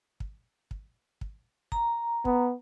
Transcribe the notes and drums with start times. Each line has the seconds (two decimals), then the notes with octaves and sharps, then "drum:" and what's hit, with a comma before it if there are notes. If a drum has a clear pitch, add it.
0.20 drum: kick
0.71 drum: kick
1.21 drum: kick
1.72 A#5, drum: kick
2.25 B3, drum: kick